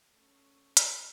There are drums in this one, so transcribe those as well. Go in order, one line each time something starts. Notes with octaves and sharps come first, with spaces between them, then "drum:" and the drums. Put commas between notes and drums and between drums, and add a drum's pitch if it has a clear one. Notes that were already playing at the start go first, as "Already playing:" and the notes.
A3 C#4
drum: hi-hat